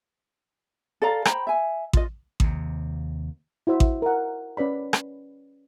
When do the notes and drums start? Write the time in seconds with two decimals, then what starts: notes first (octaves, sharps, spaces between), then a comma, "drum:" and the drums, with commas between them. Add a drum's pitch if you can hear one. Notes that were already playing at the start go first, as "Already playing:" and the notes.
1.02 A4 D5 F5 A#5
1.25 C5 G5 A#5 B5, drum: rim click
1.47 E5 G#5
1.93 F4 D#5, drum: kick A1
2.40 D#2 C3, drum: kick A1
3.67 E4 F#4 C5 E5
3.80 drum: kick A1
4.02 A#4 F#5
4.57 C#4 B4 D5 B5
4.93 drum: rim click